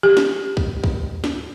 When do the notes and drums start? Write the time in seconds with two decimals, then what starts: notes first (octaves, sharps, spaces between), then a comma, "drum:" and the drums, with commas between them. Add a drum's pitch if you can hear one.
0.03 G4
0.17 drum: snare
0.57 drum: kick
0.84 drum: kick
1.24 drum: snare